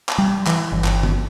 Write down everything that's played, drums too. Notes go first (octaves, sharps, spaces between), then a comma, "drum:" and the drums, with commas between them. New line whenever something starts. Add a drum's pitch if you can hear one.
drum: clap
G3
E3, drum: clap
G1
drum: clap
drum: tom